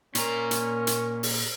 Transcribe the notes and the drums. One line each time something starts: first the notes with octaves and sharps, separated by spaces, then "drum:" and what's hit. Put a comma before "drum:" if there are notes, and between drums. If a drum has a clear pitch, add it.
A#2 C#4 A#4 A#5, drum: hi-hat
drum: hi-hat
drum: hi-hat
drum: open hi-hat